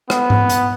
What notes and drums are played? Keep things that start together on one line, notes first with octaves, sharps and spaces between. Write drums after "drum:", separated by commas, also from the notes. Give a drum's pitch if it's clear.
B3, drum: rim click
drum: tom G#2
drum: hi-hat